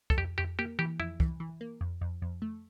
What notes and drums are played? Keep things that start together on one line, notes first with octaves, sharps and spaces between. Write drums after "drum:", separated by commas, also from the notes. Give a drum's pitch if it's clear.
A4, drum: kick
F2 G4
F2 G4
A#3 G4
E3 G4
F2 E4
E3, drum: kick
E3
A#3
F2
F2
F2
A3